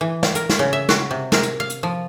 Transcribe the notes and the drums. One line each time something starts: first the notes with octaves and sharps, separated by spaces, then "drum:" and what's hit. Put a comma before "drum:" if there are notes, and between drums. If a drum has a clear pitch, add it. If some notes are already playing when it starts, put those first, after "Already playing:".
E3
drum: snare
A#4, drum: hi-hat
drum: snare
C#3
E5
F#4, drum: snare
C3
A#4, drum: snare
drum: hi-hat
F5
drum: hi-hat
F3